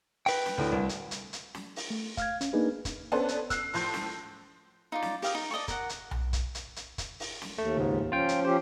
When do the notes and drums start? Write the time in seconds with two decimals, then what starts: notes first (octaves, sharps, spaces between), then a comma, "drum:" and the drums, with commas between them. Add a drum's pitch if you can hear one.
0.26 B4 G5, drum: open hi-hat
0.46 drum: snare
0.58 D2 A2
0.72 C2
0.89 drum: hi-hat
1.11 drum: hi-hat
1.33 drum: hi-hat
1.55 drum: snare
1.76 drum: open hi-hat
1.90 A3
2.17 F5 F6 G#6, drum: kick, hi-hat
2.41 C#4, drum: hi-hat
2.53 A#3 D4 D#4 G#4 B4
2.85 drum: kick, hi-hat
3.12 B3 C#4 D4 A4 B4 C5
3.28 drum: hi-hat
3.50 E6 F#6 C7, drum: kick, hi-hat
3.73 A2 F3 C6 G6 C7, drum: open hi-hat
3.94 drum: snare
4.92 D#4 F4 D5
5.02 drum: snare
5.22 G4 F5 D#6, drum: open hi-hat
5.35 D#4
5.51 D5 D#5 A5 C#6
5.68 A#4 F#5, drum: kick, hi-hat
5.89 drum: hi-hat
6.11 drum: tom B1
6.33 drum: kick, hi-hat
6.55 drum: hi-hat
6.76 drum: hi-hat
6.98 drum: kick, hi-hat
7.20 drum: open hi-hat
7.42 drum: snare
7.58 D#2 A3
7.77 C#2 G#2
8.12 F3 C#4 F4 G5
8.29 drum: hi-hat
8.45 F3 C#4 G4 C5